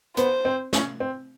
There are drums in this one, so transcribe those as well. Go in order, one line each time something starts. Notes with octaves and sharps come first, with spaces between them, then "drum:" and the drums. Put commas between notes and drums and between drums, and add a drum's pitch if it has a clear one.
B3 C5, drum: hi-hat
C4
C#4, drum: snare
C4